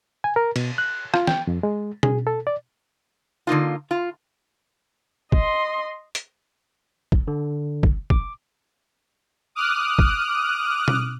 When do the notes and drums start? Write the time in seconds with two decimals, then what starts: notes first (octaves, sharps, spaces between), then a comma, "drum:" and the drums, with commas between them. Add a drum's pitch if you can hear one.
0.24 G#5
0.36 A#4
0.56 B2, drum: cymbal
0.78 F#6
1.14 F4, drum: rim click
1.27 G5, drum: snare
1.47 F2
1.63 G#3
2.03 G#4, drum: tom B2
2.27 A4
2.47 D5
3.47 D3 A#3 D#4 F4
3.91 F4
5.32 D#5 C6, drum: kick
6.15 drum: hi-hat
7.12 drum: kick
7.28 D3
7.83 drum: kick
8.10 D6, drum: kick
9.55 D6 D#6 F6 F#6
9.99 drum: kick
10.88 drum: tom B2